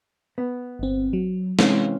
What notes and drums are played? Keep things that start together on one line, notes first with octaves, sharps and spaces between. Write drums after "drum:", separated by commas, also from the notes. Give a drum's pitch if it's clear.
B3
G1 C4
F#3
C3 E3 G#3 C4 C#4 F5, drum: snare